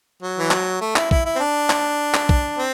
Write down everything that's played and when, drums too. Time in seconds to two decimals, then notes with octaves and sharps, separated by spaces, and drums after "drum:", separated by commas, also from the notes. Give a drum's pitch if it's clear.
0.22 F#3
0.39 E3
0.51 F#3, drum: clap
0.81 A3
0.96 E4, drum: clap
1.11 E4, drum: kick
1.25 E4
1.36 C4
1.40 D4
1.70 drum: clap
2.14 drum: clap
2.29 drum: kick
2.58 C4